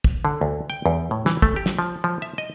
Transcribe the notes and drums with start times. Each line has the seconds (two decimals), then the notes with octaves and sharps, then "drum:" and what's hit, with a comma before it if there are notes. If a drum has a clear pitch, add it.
0.04 drum: kick
0.25 D3
0.41 D2
0.70 G5
0.86 E2
1.11 A2
1.26 E3, drum: snare
1.42 A3, drum: kick
1.56 G4
1.66 drum: snare
1.79 F3
2.04 F3
2.22 E5
2.38 D#5